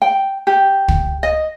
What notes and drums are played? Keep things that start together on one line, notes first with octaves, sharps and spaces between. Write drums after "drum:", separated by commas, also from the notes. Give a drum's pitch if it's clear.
G5
G4
drum: kick
D#5